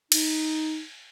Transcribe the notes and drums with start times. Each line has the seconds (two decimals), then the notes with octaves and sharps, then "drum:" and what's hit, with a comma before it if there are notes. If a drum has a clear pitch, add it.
0.12 D#4, drum: cymbal